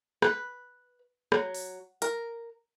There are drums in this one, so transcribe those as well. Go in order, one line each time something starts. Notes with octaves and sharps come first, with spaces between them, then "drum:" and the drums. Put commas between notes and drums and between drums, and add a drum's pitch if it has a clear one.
B4, drum: rim click
F#3, drum: rim click
drum: open hi-hat
A#4, drum: hi-hat